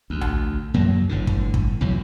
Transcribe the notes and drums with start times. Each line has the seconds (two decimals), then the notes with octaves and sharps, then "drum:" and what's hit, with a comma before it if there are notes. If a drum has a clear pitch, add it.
0.10 D2
0.21 drum: tom A#1
0.74 F#2 F#3 A#3
1.09 G1 A2 D3
1.27 drum: kick
1.54 drum: kick
1.80 B1 E2 A2 F#3